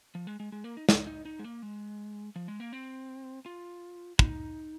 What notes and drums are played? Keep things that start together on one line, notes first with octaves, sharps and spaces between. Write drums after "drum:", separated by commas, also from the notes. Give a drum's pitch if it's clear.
F3
G#3
G#3
G#3
A#3
D#4
D#4, drum: snare
D#4
D#4
G#3
A#3
G#3
F3
G#3
A#3
C4
F4
D#4, drum: kick